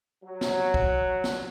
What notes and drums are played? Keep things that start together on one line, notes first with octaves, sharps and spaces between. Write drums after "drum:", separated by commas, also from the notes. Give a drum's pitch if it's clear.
F#3
drum: snare
drum: kick
drum: snare